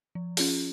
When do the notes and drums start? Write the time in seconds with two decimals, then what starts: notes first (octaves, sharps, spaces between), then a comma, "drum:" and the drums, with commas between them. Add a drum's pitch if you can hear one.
0.15 F3
0.37 C#4 F4 G#4, drum: open hi-hat